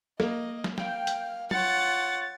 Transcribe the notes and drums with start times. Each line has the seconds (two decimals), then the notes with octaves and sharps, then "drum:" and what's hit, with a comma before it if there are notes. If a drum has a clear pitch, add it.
0.20 A#3 D#5, drum: snare
0.64 drum: snare
0.78 F5 G5, drum: snare
1.07 drum: hi-hat
1.51 F4 C#5 F#5 A6, drum: tom